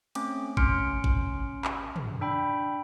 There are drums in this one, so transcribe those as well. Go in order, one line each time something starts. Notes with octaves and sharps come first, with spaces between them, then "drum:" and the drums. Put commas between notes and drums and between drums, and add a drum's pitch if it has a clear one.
A3 C4 C#4 D6, drum: cymbal
C#4 C6 F6 C#7 D7, drum: kick G#1
drum: kick G#1
drum: clap
drum: tom
D4 G5 B5